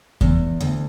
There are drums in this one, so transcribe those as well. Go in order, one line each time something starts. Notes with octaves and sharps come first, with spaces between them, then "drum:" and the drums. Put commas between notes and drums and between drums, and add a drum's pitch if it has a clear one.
E2, drum: kick E2
D2